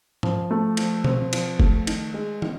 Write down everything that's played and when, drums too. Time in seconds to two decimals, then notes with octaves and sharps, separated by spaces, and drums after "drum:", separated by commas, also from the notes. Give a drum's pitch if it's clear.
0.23 F3, drum: tom G#2
0.51 A3
0.77 F3, drum: cymbal
1.04 C4, drum: tom B2
1.33 F3, drum: cymbal
1.60 A3, drum: kick F#1
1.87 D#3, drum: cymbal
2.14 G#3
2.42 D#3, drum: tom